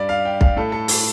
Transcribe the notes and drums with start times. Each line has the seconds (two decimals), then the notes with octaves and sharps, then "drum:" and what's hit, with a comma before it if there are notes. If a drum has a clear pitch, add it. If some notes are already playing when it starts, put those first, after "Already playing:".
Already playing: G2 G3 D5
0.09 F5
0.25 G5
0.41 F5, drum: kick B1
0.57 A2 A3 A4
0.72 A4
0.88 A4, drum: open hi-hat